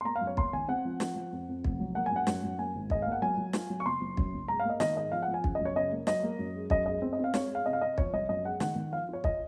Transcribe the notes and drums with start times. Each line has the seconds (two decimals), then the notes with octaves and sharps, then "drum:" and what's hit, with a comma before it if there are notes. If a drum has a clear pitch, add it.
0.01 C6
0.05 A#3 A#5
0.16 F5
0.21 F#2
0.27 C#5
0.37 A#3 C6, drum: kick
0.53 D#3 G#5
0.68 C4 F#5
0.85 F3
1.00 F3, drum: snare
1.16 F3
1.32 F2
1.48 F2
1.64 F1, drum: kick
1.80 F#3
1.95 A#3 F#5
2.06 F#2 G#5
2.16 F#5
2.27 F#2, drum: snare
2.44 F#2
2.59 A#3 G#5
2.75 G#1
2.90 G#2 D#5, drum: kick
3.02 A#3 F5
3.12 F#5
3.22 F#3 G#5
3.38 F#3
3.53 F4, drum: snare
3.70 F#3
3.80 C#6
3.86 F#1 C6
4.01 F#1
4.17 F#2, drum: kick
4.34 F#1
4.48 G#2 A#5
4.60 F5
4.65 A#3 D#5
4.80 D#3 D#5, drum: snare
4.97 G#2 D#5
5.12 F3 F5
5.22 F#5
5.28 F3
5.34 G#5
5.44 C#3, drum: kick
5.55 D#5
5.60 F#2
5.65 C#5
5.76 C#3 D#5
5.92 A#3
6.07 F#3 D#5, drum: snare
6.23 A#3
6.39 F#2
6.55 G#3
6.70 F#2 D#5, drum: kick
6.86 G#3 D#5
7.02 C4
7.13 D#5
7.19 C4
7.24 F5
7.34 G#3 C#5, drum: snare
7.50 G#3
7.55 F5
7.66 C3 D#5
7.73 F5
7.81 C3 D#5
7.98 F3 C#5, drum: kick
8.13 C2 D#5
8.29 F#2 D#5
8.44 G#3 F#5
8.60 D#3 F#5, drum: snare
8.76 D#3
8.92 F3 F5
9.09 F4 C#5
9.24 F4 D#5, drum: kick